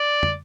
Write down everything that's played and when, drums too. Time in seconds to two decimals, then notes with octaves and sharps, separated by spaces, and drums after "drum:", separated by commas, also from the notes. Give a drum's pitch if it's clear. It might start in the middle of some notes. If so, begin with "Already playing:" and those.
Already playing: D5
0.23 drum: tom